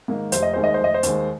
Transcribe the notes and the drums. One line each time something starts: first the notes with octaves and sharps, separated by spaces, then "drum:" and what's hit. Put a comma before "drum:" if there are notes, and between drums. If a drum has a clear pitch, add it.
G#2 D#3 A#3
F1 C5, drum: hi-hat
D#5
D#2 D#3 G#3 C5
D#5
F1 C5
D#5
C5
D#2 D#3 G#3, drum: hi-hat